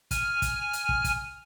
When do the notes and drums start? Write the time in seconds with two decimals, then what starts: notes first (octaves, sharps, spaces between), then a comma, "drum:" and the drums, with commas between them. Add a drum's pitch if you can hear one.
0.11 G#5 F6, drum: kick, hi-hat
0.42 drum: kick, hi-hat
0.73 drum: hi-hat
0.89 drum: kick
1.04 drum: kick, hi-hat